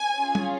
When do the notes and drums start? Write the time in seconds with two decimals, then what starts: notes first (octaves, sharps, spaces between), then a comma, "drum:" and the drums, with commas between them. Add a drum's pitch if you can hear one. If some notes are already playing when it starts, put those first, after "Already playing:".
Already playing: G#5
0.17 C#4 F4 G#4
0.35 drum: tom G3